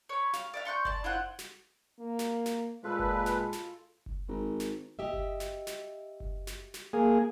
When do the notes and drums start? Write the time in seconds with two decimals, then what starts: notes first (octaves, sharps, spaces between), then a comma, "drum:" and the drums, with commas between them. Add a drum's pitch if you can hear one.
0.09 C#5 B5
0.33 F5, drum: snare
0.54 D5 E5 F5
0.65 C6 C#6 F#6 G6
0.85 D5 A5, drum: kick F#1
1.04 E4 F4 C5 F#5
1.39 drum: snare
1.99 A#3
2.19 drum: snare
2.46 drum: snare
2.84 A#2 G#3 F4 A4 B4 B5
2.99 drum: kick F#1
3.26 drum: snare
3.53 drum: snare
4.06 drum: kick F#1
4.28 G#1
4.60 drum: snare
4.99 G4 D#5 E5
5.13 drum: kick F#1
5.40 drum: snare
5.67 drum: snare
6.20 drum: kick F#1
6.47 drum: snare
6.74 drum: snare
6.93 A#3 G#4